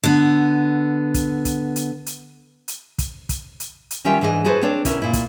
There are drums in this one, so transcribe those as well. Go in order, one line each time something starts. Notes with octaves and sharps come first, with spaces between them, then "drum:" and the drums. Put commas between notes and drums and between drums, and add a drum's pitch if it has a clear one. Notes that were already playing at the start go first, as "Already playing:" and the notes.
D3 B3
drum: kick, hi-hat
drum: kick, hi-hat
drum: hi-hat
drum: hi-hat
drum: hi-hat
drum: kick, hi-hat
drum: kick, hi-hat
drum: hi-hat
drum: hi-hat
D#3 G3 C#4 F4 E5 G5
G#2 E3 D4 G#4 A4 D#5
E4 F#4 G#4 A4 B4 C5
C4 D4 C#5 D5
D2 B2 C#4 E4 A#4, drum: kick, hi-hat
A#2 E4
drum: kick, hi-hat